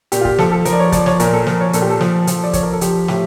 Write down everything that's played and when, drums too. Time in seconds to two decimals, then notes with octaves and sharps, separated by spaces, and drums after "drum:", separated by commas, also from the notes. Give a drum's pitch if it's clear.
0.12 A#2 G4, drum: hi-hat
0.21 F4
0.25 G4, drum: kick
0.38 F3 A4, drum: snare
0.52 A4
0.65 F3 A#4, drum: hi-hat
0.73 D5
0.79 C#5
0.92 F3 D5, drum: kick, hi-hat
1.06 C#5, drum: snare
1.20 A#2 A#4, drum: hi-hat
1.33 A4
1.47 F3 A#4, drum: snare
1.61 C#5
1.73 A#2 A4, drum: hi-hat
1.82 G4
1.90 A4
2.01 F3, drum: snare
2.27 F3, drum: hi-hat
2.44 D5
2.53 F3 C#5, drum: kick, hi-hat
2.63 A#4
2.73 A4
2.81 F3 G4, drum: hi-hat
3.08 A2 G4, drum: snare